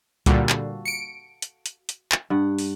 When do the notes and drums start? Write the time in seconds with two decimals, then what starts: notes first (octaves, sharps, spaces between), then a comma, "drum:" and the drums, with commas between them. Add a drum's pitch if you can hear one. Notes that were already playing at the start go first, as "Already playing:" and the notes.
0.26 A#2 D3 G3 F#4 A4 F5, drum: kick C#2, hi-hat
0.49 drum: clap
0.85 C#7 D7
1.42 drum: hi-hat
1.66 drum: hi-hat
1.89 drum: hi-hat
2.12 drum: clap
2.30 G2 F#5
2.59 drum: open hi-hat